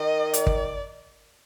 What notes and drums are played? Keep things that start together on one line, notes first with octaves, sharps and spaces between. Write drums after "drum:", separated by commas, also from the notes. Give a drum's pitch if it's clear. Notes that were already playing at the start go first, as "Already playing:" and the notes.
Already playing: D#3 D#5
D5, drum: hi-hat
drum: kick